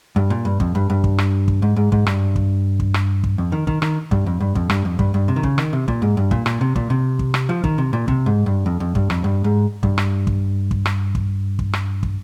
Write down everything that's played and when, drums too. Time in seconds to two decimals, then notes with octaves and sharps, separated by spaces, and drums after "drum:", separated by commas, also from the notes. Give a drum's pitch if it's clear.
0.16 G2
0.30 A#2
0.45 G2
0.60 F2, drum: kick
0.75 G2
0.90 G2
1.04 drum: kick
1.18 drum: rim click
1.48 drum: kick
1.62 G#2
1.76 G#2
1.92 G#2, drum: kick
2.07 G2, drum: rim click
2.36 drum: kick
2.80 drum: kick
2.94 drum: rim click
3.24 drum: kick
3.38 F2
3.52 D#3
3.67 D#3, drum: kick
3.82 D#3, drum: rim click
4.11 G2, drum: kick
4.26 F2
4.40 G2
4.55 F2, drum: kick
4.70 G2, drum: rim click
4.85 F2
4.99 G2, drum: kick
5.14 G2
5.28 C3
5.36 D#3
5.43 C#3, drum: kick
5.58 D#3, drum: rim click
5.73 C3
5.88 A#2, drum: kick
6.02 G#2
6.17 G2
6.31 A#2, drum: kick
6.46 A#2, drum: rim click
6.61 C3
6.76 A#2, drum: kick
6.90 C3
7.19 drum: kick
7.34 drum: rim click
7.49 F3
7.64 D#3, drum: kick
7.78 C3
7.93 A#2
8.08 C3, drum: kick
8.26 G#2
8.46 G2
8.66 F2
8.80 F2
8.95 G2, drum: kick
9.10 F2, drum: rim click
9.24 G2
9.44 G#2
9.83 G2, drum: kick
9.98 drum: rim click
10.27 drum: kick
10.71 drum: kick
10.86 drum: rim click
11.15 drum: kick
11.59 drum: kick
11.73 drum: rim click
12.03 drum: kick